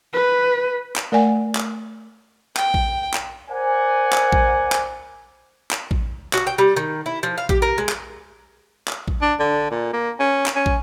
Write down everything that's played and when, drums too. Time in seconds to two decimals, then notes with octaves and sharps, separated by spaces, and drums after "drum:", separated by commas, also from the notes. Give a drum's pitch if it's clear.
0.13 B4
0.96 drum: clap
1.12 A3 A#4 D5 F#5 G#5
1.55 drum: clap
2.57 G5, drum: clap
2.74 drum: kick
3.14 drum: clap
3.50 A#4 C5 D5 F#5 G#5
4.13 drum: clap
4.33 drum: kick
4.72 drum: clap
5.71 drum: clap
5.91 drum: kick
6.33 F#4, drum: clap
6.47 G5
6.58 G3
6.76 D#3
7.06 E4
7.23 F3
7.38 F5
7.49 G4, drum: kick
7.62 A#4
7.78 G#3
7.89 drum: clap
8.88 drum: clap
9.08 drum: kick
9.22 D4
9.40 D3
9.71 A#2
9.93 A#3
10.20 C#4
10.46 drum: clap
10.55 C#4
10.66 drum: kick